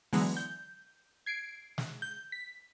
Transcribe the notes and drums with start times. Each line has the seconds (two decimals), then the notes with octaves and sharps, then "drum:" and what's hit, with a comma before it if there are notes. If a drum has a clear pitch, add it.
0.13 D3 E3 F#3 G#3 B3, drum: open hi-hat
0.37 G6
1.26 G#6 C7 D7
1.78 drum: snare
2.02 G6
2.32 B6